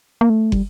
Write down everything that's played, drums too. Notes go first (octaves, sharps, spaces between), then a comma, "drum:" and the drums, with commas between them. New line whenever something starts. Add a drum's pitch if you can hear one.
A#3
A3
G3, drum: kick